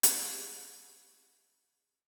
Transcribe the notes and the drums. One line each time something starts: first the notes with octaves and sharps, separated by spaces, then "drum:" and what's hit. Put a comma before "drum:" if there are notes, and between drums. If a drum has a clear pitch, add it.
G4 G#4 D5, drum: hi-hat